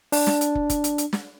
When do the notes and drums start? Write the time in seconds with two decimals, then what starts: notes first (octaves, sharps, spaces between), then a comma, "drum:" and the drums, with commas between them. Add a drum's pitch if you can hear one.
0.12 D4, drum: open hi-hat
0.27 drum: snare
0.41 drum: hi-hat
0.55 drum: kick
0.70 drum: kick, hi-hat
0.84 drum: hi-hat
0.98 drum: hi-hat
1.13 drum: snare